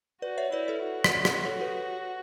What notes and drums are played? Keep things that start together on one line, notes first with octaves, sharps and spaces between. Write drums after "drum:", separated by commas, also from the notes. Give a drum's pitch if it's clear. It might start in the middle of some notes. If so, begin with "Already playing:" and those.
F#4 B4 D5
C#5 E5
E4 B4 D5
A4 C#5
F#4
drum: rim click
drum: rim click
A4 C#5
G4 B4